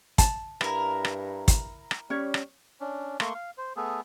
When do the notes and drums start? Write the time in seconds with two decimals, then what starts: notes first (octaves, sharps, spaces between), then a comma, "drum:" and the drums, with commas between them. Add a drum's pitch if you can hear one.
0.18 A5, drum: kick, hi-hat
0.61 G2 E4 A#4, drum: rim click
1.05 drum: rim click
1.48 drum: kick, hi-hat
1.91 drum: rim click
2.10 G3 C#4 C#5
2.34 drum: rim click
2.80 C#4 D4
3.20 A3 A#3 C6 C#6, drum: rim click
3.34 F5
3.58 C5
3.76 A3 B3 G#4 A4